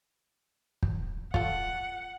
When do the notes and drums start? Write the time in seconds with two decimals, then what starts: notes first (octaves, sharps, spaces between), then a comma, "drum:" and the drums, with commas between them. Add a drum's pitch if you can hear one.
0.82 drum: kick
1.34 F4 A4 F#5, drum: kick